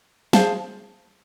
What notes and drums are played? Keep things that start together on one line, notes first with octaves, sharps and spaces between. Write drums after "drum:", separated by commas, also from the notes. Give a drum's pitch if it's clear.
G#4 C5 F5 A5, drum: snare